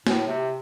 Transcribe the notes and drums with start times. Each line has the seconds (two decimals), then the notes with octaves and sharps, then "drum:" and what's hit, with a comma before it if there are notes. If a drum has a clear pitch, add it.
0.07 A2, drum: snare
0.27 C3